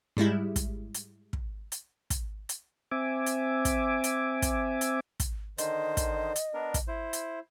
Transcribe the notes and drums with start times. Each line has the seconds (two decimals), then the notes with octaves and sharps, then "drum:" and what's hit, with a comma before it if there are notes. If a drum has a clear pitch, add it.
0.17 G#2 G3 G#3 E4
0.56 drum: kick, hi-hat
0.94 drum: hi-hat
1.33 drum: kick
1.72 drum: hi-hat
2.10 drum: kick, hi-hat
2.49 drum: hi-hat
2.91 C4 E5 G#5 D6
3.26 drum: hi-hat
3.65 drum: kick, hi-hat
4.04 drum: hi-hat
4.42 drum: kick, hi-hat
4.81 drum: hi-hat
5.20 drum: kick, hi-hat
5.58 D3 D#3 C5 D#5, drum: hi-hat
5.97 drum: kick, hi-hat
6.36 drum: hi-hat
6.54 B3 D4 A#4
6.74 drum: kick, hi-hat
6.88 E4 C5
7.13 drum: hi-hat